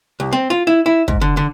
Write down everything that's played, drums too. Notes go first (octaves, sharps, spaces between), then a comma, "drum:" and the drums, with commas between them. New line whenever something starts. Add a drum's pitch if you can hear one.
C2
C4
F4
E4
E4
G#2, drum: kick
D3
D3